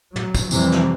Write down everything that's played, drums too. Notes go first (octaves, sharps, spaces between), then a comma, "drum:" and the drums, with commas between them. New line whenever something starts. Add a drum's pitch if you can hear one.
F#3, drum: tom
drum: kick, tambourine
F2 C3 E3 G3, drum: tambourine
drum: snare